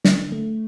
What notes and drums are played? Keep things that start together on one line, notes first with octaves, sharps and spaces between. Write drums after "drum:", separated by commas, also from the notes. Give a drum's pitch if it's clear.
D3, drum: snare
A3